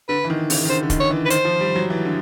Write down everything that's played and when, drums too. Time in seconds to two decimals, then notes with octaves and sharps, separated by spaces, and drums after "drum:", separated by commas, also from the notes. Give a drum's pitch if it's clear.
0.09 D3 B4
0.24 E3
0.30 D#3
0.50 C#3, drum: open hi-hat
0.65 D#3
0.69 D3 C5
0.83 D3
0.90 D#3, drum: kick, hi-hat
1.00 C#5
1.10 E3
1.25 B4
1.30 D#3 C5, drum: hi-hat
1.45 F3
1.60 G3
1.76 F#3
1.90 E3
2.05 D3